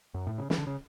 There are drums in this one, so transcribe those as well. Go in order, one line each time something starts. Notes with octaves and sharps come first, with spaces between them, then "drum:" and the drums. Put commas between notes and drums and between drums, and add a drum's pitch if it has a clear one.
F#2
A2
C#3
E3, drum: snare
D3
C#3